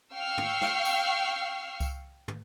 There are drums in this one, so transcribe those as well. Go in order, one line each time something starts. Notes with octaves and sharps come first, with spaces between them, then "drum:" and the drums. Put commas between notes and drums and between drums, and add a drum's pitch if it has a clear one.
F5 G5 C#6 E6 F6 C7
drum: tom
drum: snare
drum: tambourine
drum: kick C2, tambourine
drum: tom